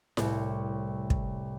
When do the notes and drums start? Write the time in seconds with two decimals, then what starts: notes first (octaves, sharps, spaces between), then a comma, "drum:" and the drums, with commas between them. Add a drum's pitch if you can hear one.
0.17 C2 A2 C4 C#5, drum: snare E4
1.10 drum: kick